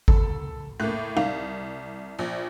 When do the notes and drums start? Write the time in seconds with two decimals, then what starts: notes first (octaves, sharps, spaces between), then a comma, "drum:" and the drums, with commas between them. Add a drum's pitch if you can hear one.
0.08 A4, drum: kick G#1
0.80 A2 A#3 F#6
1.17 C2 D#4 F5
2.19 A#1